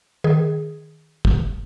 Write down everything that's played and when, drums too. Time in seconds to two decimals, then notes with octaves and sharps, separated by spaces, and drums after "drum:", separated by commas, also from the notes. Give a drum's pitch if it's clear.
0.24 D#3 G#4
1.25 drum: kick